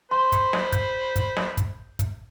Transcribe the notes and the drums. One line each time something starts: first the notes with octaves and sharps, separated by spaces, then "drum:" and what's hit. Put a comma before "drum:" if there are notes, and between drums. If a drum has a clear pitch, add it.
C5 B5 C6
drum: kick, hi-hat
drum: snare
G6, drum: kick, hi-hat
drum: kick, hi-hat
drum: snare
drum: kick, hi-hat
drum: kick, hi-hat